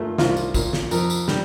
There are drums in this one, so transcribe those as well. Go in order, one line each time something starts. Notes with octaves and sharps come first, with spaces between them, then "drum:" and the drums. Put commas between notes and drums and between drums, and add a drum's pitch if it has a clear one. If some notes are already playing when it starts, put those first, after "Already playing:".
Already playing: A#2 A3 F4
C2 F4, drum: snare
drum: tambourine
A#2, drum: kick, tambourine
drum: snare
F2 A#4, drum: tambourine
drum: tambourine
G3, drum: snare